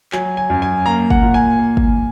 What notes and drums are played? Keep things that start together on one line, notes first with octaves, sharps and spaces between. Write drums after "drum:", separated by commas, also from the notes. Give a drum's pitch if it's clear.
F#3 G#5, drum: clap
G#5
F#2
G#5
A#3 A#5
F#5, drum: kick
A#2
G#5
A#3
drum: kick